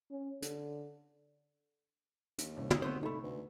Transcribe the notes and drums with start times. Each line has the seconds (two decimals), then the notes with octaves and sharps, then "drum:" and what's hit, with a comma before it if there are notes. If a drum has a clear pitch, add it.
0.11 C#4
0.42 D3, drum: hi-hat
2.38 D#2, drum: hi-hat
2.57 C2 C#4
2.70 G#2 D#6 E6, drum: tom
2.82 A3 B3 C4 C5
3.03 C2 A3 D#4 A4 B5
3.24 D2 B4